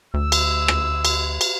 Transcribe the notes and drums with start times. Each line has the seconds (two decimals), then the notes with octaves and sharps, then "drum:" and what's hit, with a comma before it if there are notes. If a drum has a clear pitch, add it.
0.14 D2 E6
0.32 drum: cymbal
0.68 drum: rim click
1.05 drum: cymbal
1.41 drum: cymbal